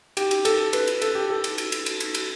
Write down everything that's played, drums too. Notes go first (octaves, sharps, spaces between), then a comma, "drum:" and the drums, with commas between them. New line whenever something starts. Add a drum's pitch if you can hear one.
G4, drum: cymbal
drum: cymbal
A4, drum: cymbal
B4, drum: cymbal
drum: cymbal
A4, drum: cymbal
G4
A4
drum: cymbal
drum: cymbal
drum: cymbal
drum: cymbal
drum: cymbal
drum: cymbal